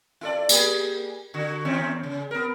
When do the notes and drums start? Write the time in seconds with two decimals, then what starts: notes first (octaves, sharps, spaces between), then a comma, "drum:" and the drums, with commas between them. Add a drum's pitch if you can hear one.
0.21 E4 A4 D5
0.49 A#3 G4 G#4, drum: tambourine
1.34 D3 F#4
1.65 D#2 C4 C#4
2.03 C#3
2.31 B3 A#4